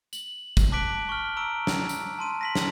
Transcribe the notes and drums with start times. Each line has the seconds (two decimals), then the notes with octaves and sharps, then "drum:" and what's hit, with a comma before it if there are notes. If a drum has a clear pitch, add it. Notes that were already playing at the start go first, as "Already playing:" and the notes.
0.13 F#7, drum: tambourine
0.57 drum: kick, tambourine
0.72 A5 D6 F#6 B6 D7 F#7
1.09 C#6 F6
1.36 A#5 C#6 E6 D7
1.67 drum: snare
1.89 drum: tambourine
2.19 A5 C6 D#7
2.41 A#6 B6 F#7
2.55 drum: snare